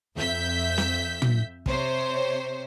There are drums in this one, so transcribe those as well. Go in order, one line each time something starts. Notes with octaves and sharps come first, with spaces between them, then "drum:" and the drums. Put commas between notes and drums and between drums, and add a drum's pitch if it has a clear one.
F2 E5 G6 B6
drum: snare
drum: tom
C3 C5 C#5, drum: kick